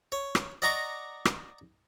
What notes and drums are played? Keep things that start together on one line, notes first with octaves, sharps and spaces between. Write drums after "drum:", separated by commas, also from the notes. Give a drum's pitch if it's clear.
C#5
drum: rim click
D5 D#5 F#5 A#5 C#6 D6
drum: rim click